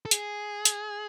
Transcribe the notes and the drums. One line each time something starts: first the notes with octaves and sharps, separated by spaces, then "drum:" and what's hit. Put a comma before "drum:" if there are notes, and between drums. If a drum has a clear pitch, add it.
A4
G#4, drum: hi-hat
drum: hi-hat